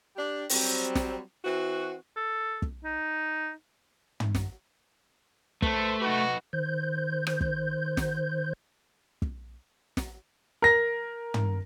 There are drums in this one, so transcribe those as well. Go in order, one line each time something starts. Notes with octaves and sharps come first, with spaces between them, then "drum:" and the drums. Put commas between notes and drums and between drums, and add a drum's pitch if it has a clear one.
D4 G4
F#3 G3 C4, drum: open hi-hat
drum: snare
E3 C4 F#4
A4
drum: kick
D#4
drum: tom
drum: snare
A3 B4 C5 A5, drum: kick
D#4 F#4 B4
D#3 C5 G6
drum: rim click
drum: kick
drum: snare
drum: kick
drum: snare
A#4 A#6
drum: tom